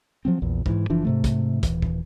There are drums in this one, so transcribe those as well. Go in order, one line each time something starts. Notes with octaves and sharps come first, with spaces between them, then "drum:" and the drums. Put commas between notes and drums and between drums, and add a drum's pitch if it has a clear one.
F3 F#3 C4
A#1 E2
G#2 E3, drum: kick
F#1 E3 F3 D4
G#2 C3 A3
drum: kick, hi-hat
D#1 E3, drum: kick, hi-hat
drum: kick